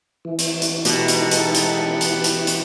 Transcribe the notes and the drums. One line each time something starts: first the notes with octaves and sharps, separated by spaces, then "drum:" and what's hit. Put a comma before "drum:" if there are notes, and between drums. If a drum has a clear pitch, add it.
E3
drum: hi-hat
drum: hi-hat
B2 G#3 B3 D#4 G4 A4 F#5, drum: hi-hat
drum: hi-hat
drum: hi-hat
drum: hi-hat
drum: hi-hat
drum: hi-hat
drum: hi-hat